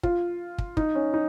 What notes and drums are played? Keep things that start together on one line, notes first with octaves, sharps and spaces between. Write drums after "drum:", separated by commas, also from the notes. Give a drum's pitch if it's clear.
F4, drum: kick
drum: kick
D#4, drum: kick
C#4
D#4